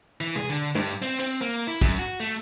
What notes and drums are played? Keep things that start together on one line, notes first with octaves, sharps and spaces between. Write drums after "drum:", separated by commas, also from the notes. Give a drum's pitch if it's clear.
E3
G#4, drum: tom C3
D3
G2, drum: tom
C4, drum: hi-hat
C4, drum: hi-hat
A#3
E4
F#2, drum: kick
F#4
A3